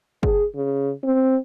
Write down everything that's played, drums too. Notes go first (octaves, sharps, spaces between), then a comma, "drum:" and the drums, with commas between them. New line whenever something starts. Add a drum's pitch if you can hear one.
G#4, drum: kick
C#3
C4